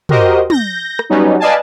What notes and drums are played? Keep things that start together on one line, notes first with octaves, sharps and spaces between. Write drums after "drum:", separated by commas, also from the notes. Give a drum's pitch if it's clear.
F#4 G4 A#4 C5 D#5, drum: tom
G6 A#6, drum: tom
drum: rim click
F#3 G3 B3 C#4 D#4
B4 D5 D#5 F5 G#5 A5